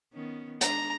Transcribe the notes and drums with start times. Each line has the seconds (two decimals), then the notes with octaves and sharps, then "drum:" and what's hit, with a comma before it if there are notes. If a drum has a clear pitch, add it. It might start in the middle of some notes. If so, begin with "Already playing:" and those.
0.13 D#3 B3 C#4
0.61 G#3 D4 A#5, drum: hi-hat